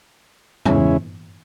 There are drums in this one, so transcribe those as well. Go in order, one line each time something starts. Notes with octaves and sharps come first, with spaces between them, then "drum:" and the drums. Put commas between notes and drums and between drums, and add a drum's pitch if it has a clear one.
E2 C#3 G#3 C#4 E4, drum: tom